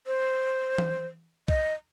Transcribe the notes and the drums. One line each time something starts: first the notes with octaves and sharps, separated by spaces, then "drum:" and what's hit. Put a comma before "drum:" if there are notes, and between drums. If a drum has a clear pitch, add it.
C5
drum: tom E3
D#5, drum: kick C2